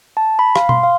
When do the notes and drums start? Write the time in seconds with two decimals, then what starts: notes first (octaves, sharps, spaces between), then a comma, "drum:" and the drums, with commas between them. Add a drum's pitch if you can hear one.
0.17 A5
0.39 B5
0.56 F5, drum: rim click
0.69 C6, drum: tom B2
0.83 F5